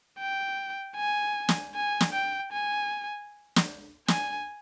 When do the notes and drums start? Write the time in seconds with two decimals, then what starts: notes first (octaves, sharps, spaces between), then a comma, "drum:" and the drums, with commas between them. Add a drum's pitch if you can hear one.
0.19 G5
0.96 G#5
1.49 drum: snare
1.74 G#5
2.01 drum: snare
2.13 G5
2.52 G#5
3.56 drum: snare
4.08 G#5, drum: snare